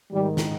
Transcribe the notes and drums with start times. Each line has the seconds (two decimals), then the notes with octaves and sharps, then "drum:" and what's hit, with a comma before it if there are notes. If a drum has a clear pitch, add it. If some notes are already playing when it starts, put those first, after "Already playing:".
0.12 G#2 D#3 G3
0.37 drum: snare